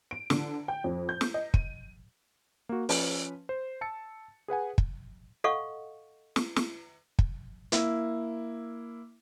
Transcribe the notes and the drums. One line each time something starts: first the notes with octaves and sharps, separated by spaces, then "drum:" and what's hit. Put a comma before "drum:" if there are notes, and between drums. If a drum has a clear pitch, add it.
D7
D3, drum: snare
G5
F2
G6
drum: snare
D#5
D#7, drum: kick
A#3 F#4
F3 C#4 B4, drum: open hi-hat
C5
A5 E6 A6 C#7
G#4 B4 F#5 G#5
drum: kick
A4 D#5 F5 F#5 C#6
drum: snare
drum: snare
drum: kick
A#3 E4, drum: hi-hat